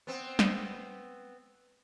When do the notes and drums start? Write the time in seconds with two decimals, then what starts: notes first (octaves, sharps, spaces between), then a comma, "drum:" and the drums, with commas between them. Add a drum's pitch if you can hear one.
0.07 B3 C4
0.39 drum: snare